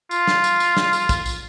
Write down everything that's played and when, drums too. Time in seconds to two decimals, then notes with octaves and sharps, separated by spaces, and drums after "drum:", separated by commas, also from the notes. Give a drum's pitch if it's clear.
0.11 F4, drum: tambourine
0.27 drum: snare
0.44 drum: tambourine
0.60 drum: tambourine
0.77 drum: snare
0.93 drum: tambourine
1.09 drum: kick, tambourine
1.26 drum: tambourine